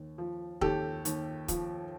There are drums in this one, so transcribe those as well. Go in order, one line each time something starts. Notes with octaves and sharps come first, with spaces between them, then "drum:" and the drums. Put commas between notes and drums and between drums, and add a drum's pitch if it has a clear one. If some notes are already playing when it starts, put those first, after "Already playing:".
Already playing: D#2
F3
D#2 G4 A4, drum: kick E1
D#2, drum: hi-hat
F3, drum: kick E1, hi-hat